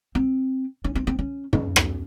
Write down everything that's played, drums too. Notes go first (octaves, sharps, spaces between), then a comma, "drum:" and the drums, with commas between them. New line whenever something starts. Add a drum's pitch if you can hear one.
C4
C#4
C4
C4
C#4
C#4, drum: tom
drum: rim click